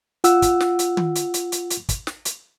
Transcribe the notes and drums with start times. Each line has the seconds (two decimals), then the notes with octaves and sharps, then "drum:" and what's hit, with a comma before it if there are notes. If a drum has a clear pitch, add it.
0.24 F4 F#5 E6, drum: hi-hat
0.42 drum: kick, hi-hat
0.60 drum: snare
0.79 drum: hi-hat
0.97 drum: tom
1.15 drum: hi-hat
1.34 drum: hi-hat
1.52 drum: hi-hat
1.70 drum: hi-hat
1.89 drum: kick, hi-hat
2.07 drum: snare
2.25 drum: hi-hat